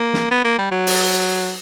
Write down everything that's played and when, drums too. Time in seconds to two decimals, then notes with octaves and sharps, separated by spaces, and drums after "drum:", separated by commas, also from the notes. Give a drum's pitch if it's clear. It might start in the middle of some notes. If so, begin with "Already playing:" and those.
Already playing: A#3
0.14 drum: snare
0.31 B3
0.44 A#3
0.58 G3
0.71 F#3
0.87 drum: open hi-hat